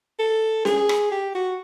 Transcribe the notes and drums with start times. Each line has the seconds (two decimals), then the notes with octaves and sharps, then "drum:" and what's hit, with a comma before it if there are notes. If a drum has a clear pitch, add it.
0.19 A4
0.65 G#4, drum: snare C#4
0.89 drum: rim click
1.11 G4
1.35 F#4